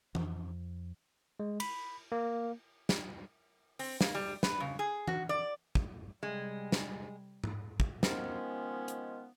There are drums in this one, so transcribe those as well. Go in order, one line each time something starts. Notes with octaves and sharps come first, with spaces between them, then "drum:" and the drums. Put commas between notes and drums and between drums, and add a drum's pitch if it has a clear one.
F2, drum: tom E3
G#3
B5, drum: cymbal
A#3
drum: snare
C4, drum: open hi-hat
A#3, drum: snare
G3
B4, drum: snare
C#3
G#4
F#4, drum: tom E3
D5
drum: kick
C3 G3 G#3
drum: snare
drum: tom G#2
drum: kick
D#3 F3 G#3 B3 C#4, drum: snare
drum: hi-hat